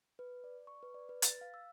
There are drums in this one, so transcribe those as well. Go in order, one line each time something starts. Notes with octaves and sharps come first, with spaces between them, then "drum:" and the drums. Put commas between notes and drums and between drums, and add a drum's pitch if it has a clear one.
B4
D5
C#6
B4
D5
B4
A6, drum: hi-hat
F5
E6